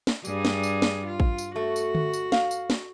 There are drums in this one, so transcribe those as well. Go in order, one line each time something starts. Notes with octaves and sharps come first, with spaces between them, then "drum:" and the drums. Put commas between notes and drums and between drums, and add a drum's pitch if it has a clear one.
drum: snare
G2 G3 G#4, drum: tambourine
drum: snare
drum: tambourine
drum: snare
F4
drum: kick A1
drum: tambourine
A3 F#4
drum: tambourine
drum: tom D3
drum: tambourine
F5, drum: snare
drum: tambourine
drum: snare